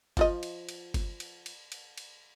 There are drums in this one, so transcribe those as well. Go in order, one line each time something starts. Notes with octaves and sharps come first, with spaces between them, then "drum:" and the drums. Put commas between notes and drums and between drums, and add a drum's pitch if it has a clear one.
F3 F4 D#5, drum: kick G1, cymbal
drum: cymbal
drum: cymbal
drum: kick G1, cymbal
drum: cymbal
drum: cymbal
drum: cymbal
drum: cymbal